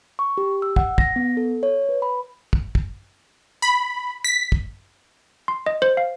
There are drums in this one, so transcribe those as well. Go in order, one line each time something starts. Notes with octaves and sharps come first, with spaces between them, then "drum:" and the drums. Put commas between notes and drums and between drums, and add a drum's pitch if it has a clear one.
C#6
G4
E6
F#5, drum: kick
A#6, drum: kick
B3
A4
C#5
B4
B5
drum: kick
drum: kick
B5
B6
drum: kick
C6
D#5
C5
F5